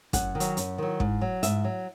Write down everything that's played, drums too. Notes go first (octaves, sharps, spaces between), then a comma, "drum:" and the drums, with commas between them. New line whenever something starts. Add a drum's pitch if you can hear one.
F#2 F#5, drum: kick, hi-hat
D#3
F#3, drum: hi-hat
F#2, drum: hi-hat
D#3 F#3
G#2, drum: kick
F#3
G#2 E5, drum: hi-hat
F#3